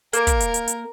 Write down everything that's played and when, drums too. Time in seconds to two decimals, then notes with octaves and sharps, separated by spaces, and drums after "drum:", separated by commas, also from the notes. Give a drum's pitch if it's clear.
0.13 A#3 A#4, drum: hi-hat
0.27 drum: kick, hi-hat
0.40 drum: hi-hat
0.54 drum: hi-hat
0.68 drum: hi-hat